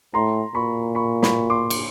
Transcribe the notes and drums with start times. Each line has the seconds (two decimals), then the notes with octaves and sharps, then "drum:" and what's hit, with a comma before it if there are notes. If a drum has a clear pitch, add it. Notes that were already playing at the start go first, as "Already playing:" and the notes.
0.14 A2 A#5 C6
0.54 A#2 B5 C#6
0.95 B5 C#6
1.23 B5 C#6, drum: snare
1.50 C6 D6
1.70 drum: cymbal